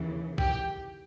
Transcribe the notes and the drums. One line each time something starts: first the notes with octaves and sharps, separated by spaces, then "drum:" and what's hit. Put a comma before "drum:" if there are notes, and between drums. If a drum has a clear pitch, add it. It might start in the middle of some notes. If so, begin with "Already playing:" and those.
Already playing: D#2 C#3 E3
G4, drum: kick A#1